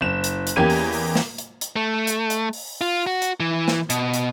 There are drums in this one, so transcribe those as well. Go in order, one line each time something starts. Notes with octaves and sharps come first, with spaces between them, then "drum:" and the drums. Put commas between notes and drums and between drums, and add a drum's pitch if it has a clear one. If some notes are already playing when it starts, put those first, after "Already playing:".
F#1 E7
drum: hi-hat
drum: hi-hat
E2 A#3 C#4 G4 G#6 D#7
drum: open hi-hat
drum: open hi-hat
drum: snare
drum: hi-hat
drum: hi-hat
A3
drum: hi-hat
drum: hi-hat
drum: open hi-hat
F4
F#4
drum: hi-hat
E3
drum: snare
B2, drum: hi-hat
drum: hi-hat